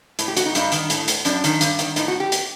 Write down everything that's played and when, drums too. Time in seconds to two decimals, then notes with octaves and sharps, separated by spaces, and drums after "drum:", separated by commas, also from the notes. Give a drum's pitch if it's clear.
0.19 A2, drum: hi-hat
0.28 G4
0.37 F#4, drum: hi-hat
0.46 D#4
0.55 G2, drum: hi-hat
0.72 D#3, drum: hi-hat
0.90 A2, drum: hi-hat
1.08 drum: hi-hat
1.25 F#2 D4, drum: hi-hat
1.44 D#3, drum: hi-hat
1.61 G2, drum: hi-hat
1.79 D#3, drum: hi-hat
1.96 A2 D#4, drum: hi-hat
2.08 F#4
2.20 G4
2.32 drum: hi-hat